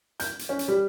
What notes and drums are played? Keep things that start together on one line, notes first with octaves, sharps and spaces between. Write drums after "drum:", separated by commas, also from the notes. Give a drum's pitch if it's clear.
G6, drum: hi-hat
drum: hi-hat
C#4
drum: hi-hat
G3